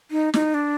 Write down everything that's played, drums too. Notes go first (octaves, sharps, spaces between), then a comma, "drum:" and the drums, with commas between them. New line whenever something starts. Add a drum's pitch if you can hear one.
D#4
D#4, drum: snare
D4